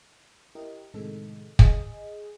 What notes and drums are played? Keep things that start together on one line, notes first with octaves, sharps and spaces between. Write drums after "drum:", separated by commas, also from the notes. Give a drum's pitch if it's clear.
E4 G4 A#4 D#5
A2 C3 D#3 G#3 D#4 A4
G#4 D#5, drum: kick